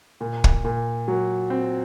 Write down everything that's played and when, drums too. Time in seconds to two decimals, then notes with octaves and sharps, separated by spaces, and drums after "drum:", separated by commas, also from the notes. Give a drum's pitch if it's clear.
0.21 A#2
0.44 drum: kick
0.64 A#2
1.08 F#3
1.50 C4